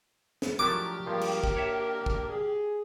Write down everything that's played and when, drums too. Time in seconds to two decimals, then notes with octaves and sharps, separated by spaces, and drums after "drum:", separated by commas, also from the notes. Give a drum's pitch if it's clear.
0.42 drum: snare
0.59 F3 F#3 A3 D4 G4 A#4 D6
1.07 G2 F3 G#3 A#3 D4 A#4
1.21 drum: cymbal
1.44 drum: kick
1.57 C#5 E5
2.06 drum: kick
2.29 G#4